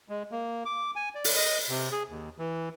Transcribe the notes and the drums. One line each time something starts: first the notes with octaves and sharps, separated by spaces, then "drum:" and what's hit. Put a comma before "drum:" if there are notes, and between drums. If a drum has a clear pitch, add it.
G#3
A#3
D6
G#5
D5
drum: open hi-hat
D#5
C3
G#4
D#2
E3